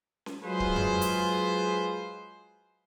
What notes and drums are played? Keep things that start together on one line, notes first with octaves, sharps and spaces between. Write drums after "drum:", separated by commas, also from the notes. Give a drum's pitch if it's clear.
drum: snare C#4
F#3 G#3 F4 G#4 B4 C5
drum: kick C#1
drum: tom F2
drum: hi-hat